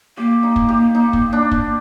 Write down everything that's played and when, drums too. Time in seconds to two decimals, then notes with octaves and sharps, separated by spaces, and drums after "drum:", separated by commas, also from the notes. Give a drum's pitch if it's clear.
0.17 A#3 G4
0.43 D#4
0.56 drum: kick
0.69 G4
0.95 D#4
1.13 drum: kick
1.33 D4
1.51 drum: kick